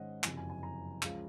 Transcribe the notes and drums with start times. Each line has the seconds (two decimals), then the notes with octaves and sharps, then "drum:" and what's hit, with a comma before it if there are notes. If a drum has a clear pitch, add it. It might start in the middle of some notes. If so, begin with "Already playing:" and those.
Already playing: G#2 D#3 C#4 C5 D#5 F#5
0.24 F#1 F2 C3 F#3 G#5, drum: clap
0.37 G#5
0.50 G#5
0.63 A#5
1.02 C#2 C#3 F3, drum: clap